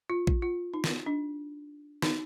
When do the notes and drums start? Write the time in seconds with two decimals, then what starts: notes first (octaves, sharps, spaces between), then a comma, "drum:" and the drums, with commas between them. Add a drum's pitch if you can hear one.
0.10 F4
0.27 drum: kick A#1
0.42 F4
0.74 D#4
0.84 drum: snare
1.06 D4
2.02 D#4, drum: snare